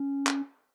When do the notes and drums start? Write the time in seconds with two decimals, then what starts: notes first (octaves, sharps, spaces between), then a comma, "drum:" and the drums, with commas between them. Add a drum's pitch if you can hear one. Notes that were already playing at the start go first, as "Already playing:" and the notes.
Already playing: C#4
0.27 drum: clap